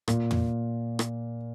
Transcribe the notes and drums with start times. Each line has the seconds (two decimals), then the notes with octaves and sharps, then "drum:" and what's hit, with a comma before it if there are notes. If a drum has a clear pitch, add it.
0.08 A#2, drum: rim click
0.31 drum: tom
0.99 drum: rim click